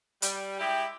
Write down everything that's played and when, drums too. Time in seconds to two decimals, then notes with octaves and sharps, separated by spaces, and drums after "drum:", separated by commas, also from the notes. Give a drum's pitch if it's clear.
0.22 G3, drum: hi-hat
0.59 G#3 E4 G4